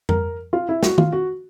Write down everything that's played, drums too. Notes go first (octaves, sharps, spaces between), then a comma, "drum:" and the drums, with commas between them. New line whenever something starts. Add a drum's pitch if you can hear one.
A#4, drum: tom F2
F4
E4
F#4, drum: snare
F4, drum: tom D#3
F#4